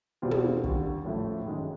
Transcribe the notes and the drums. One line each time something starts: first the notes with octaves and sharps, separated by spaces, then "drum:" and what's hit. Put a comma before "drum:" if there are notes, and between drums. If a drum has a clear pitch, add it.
E2 B2 G3 C4 F4
drum: tom
D#2 D3 G3, drum: kick
A1 A2 F3 A3
G1 F#2 D#3 G#3